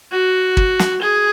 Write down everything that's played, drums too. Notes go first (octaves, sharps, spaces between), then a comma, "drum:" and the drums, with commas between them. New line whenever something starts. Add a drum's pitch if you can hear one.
F#4
drum: kick
drum: snare
G#4